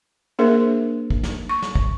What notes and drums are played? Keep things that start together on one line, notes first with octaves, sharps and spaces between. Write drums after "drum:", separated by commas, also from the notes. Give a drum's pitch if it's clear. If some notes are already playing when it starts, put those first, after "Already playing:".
A#3 D4 G#4 A#4 C5 E5
drum: kick
drum: snare
C#6
drum: snare
drum: kick